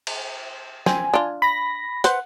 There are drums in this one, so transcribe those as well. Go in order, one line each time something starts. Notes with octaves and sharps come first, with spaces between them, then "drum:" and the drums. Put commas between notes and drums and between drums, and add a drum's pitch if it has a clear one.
drum: cymbal
C4 G#5, drum: snare
D4 F4
B5 A#6
B4 C5 F#5, drum: hi-hat